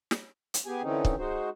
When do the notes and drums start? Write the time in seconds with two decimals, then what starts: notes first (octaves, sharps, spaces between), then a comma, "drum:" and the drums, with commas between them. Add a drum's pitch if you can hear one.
0.11 drum: snare
0.54 drum: hi-hat
0.66 B3 G4 G#4 G#5
0.82 D3 E3 C4 C#4 D#4
1.05 drum: kick
1.18 G#3 D#4 F#4 C5